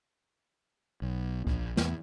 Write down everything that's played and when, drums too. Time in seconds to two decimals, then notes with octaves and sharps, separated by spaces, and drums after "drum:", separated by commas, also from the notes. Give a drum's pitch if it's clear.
1.02 B1
1.47 A#1, drum: kick C#2
1.77 E2, drum: snare